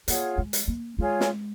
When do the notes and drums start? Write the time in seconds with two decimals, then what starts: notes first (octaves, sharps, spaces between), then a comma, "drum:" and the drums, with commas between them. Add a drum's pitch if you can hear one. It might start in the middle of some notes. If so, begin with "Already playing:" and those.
0.08 A#3 F4 G#4 C#5 F#5, drum: hi-hat
0.38 G#3
0.53 drum: hi-hat
0.68 A#3
0.98 G#3 F4 G#4 C#5 G#5
1.20 drum: snare